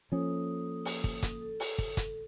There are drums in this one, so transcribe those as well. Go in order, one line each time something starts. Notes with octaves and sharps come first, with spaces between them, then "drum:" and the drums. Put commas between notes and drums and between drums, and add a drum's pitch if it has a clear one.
F3 A#3 C#4 A4 D#6
drum: open hi-hat
drum: kick
drum: kick, hi-hat
A4
drum: open hi-hat
drum: kick
drum: kick, hi-hat